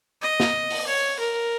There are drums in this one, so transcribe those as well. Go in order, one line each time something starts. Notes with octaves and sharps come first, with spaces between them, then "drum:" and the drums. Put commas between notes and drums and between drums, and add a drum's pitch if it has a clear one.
D#5
drum: snare
drum: open hi-hat
C#5
A#4